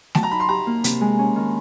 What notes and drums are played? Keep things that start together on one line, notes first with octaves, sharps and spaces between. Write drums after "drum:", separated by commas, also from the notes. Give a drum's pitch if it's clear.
F#3 A5, drum: snare A3
A#5
D#4 B5
C6
G4 A#5
A#3
C3, drum: hi-hat
G#3
C#4
D#3